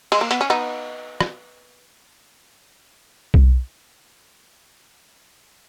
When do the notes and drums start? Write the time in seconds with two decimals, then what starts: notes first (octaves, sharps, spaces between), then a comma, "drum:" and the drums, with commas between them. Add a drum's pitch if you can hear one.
0.12 G#3, drum: cymbal
0.21 A#3
0.31 B3, drum: hi-hat
0.41 C#4
0.50 B3 D#4
1.21 drum: rim click
3.34 drum: kick B1